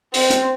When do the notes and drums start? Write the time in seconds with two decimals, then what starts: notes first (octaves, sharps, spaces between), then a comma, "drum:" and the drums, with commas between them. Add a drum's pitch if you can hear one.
0.14 C4, drum: open hi-hat
0.30 drum: hi-hat